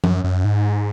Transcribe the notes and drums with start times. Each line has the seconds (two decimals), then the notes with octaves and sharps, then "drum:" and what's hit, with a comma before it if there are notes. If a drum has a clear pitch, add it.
0.04 F#2, drum: tom F3
0.24 F#2
0.44 G#2